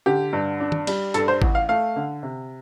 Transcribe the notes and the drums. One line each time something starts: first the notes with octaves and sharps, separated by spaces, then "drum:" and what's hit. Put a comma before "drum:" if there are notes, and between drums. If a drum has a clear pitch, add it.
D3 G4
G2
D4
drum: tom
G3, drum: cymbal
G2 A4, drum: hi-hat
C5
A1, drum: kick G#1
F5
A3 F5
D3
C3